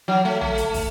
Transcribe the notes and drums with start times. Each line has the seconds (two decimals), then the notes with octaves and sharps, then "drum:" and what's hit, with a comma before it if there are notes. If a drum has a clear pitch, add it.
0.08 F#3
0.25 A3
0.41 A3, drum: tom
0.58 drum: hi-hat
0.74 drum: kick, open hi-hat